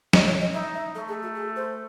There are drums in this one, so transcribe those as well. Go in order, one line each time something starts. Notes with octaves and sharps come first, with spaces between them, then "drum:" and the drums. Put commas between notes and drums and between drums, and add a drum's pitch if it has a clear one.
D#5, drum: snare
C#5
D#5
D#4 E5
E5
A3 A4
G#4
F#4
G#4
C5